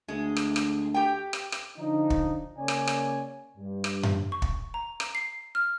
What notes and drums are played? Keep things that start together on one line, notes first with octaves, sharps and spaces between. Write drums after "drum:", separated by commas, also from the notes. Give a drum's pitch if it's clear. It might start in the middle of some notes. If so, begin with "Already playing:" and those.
D2 G#3
drum: rim click
drum: rim click
G4 G5
drum: rim click
drum: rim click
D3 F3 D4 D#4
drum: kick
C#3 A#3 C#5 D5 G#5
drum: rim click
drum: rim click
G2
drum: rim click
drum: tom F#2
C#6
drum: kick
A#5
drum: rim click
C7
F6